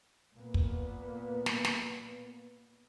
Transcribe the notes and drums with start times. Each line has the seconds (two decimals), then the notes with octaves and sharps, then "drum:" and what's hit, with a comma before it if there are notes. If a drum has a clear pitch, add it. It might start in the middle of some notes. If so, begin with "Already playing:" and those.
0.36 A#2 A#3 B3
0.54 drum: kick
1.46 drum: snare
1.65 drum: snare